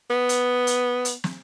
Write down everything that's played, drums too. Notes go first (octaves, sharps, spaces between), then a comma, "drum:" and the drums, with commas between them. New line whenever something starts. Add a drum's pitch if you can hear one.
B3
drum: hi-hat
drum: hi-hat
drum: hi-hat
drum: snare